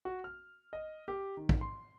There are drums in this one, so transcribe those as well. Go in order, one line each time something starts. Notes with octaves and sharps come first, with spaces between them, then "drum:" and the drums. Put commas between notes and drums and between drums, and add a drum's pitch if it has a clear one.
F#4
F6
D#5
G4
D#3
drum: kick
C6